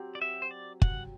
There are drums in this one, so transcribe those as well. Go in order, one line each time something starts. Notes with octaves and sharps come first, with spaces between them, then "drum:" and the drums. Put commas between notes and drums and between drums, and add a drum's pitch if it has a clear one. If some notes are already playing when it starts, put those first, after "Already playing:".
Already playing: F#3 C4 G4
D5
E5
C5
D5
F#5, drum: kick